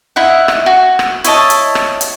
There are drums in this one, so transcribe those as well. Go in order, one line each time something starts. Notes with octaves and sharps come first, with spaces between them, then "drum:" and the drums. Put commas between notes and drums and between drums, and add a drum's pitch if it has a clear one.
D#4 E4 E5 F#5
drum: rim click
F#4
drum: rim click
E4 C#5 D#5 A5, drum: hi-hat
drum: hi-hat
drum: rim click
drum: hi-hat